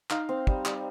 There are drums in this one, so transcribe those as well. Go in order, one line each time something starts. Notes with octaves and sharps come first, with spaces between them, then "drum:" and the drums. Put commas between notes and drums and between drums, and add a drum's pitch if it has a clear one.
D#4 F5, drum: clap
C4
G3, drum: kick
G3, drum: clap